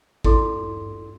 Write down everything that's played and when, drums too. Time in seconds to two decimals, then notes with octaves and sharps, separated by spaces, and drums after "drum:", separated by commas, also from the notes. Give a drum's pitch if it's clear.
0.25 E4 A4 D5 C6 D6, drum: kick